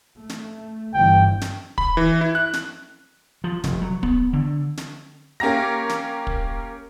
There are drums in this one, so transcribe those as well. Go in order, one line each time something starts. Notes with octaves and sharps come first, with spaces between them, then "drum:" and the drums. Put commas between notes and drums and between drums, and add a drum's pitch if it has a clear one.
A3
drum: snare
G1 G2 E3 G5
drum: snare
B5, drum: kick
E3
E4
F#6
drum: snare
F3
F1, drum: snare
F#3
B3, drum: kick
D3
drum: snare
A#3 C#4 G4 A#5 A#6
drum: snare
drum: kick